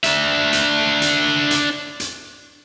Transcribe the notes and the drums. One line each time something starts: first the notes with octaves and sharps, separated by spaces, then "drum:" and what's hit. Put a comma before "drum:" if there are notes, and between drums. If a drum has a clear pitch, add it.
D4 E5, drum: hi-hat
drum: hi-hat
drum: hi-hat
drum: hi-hat
drum: hi-hat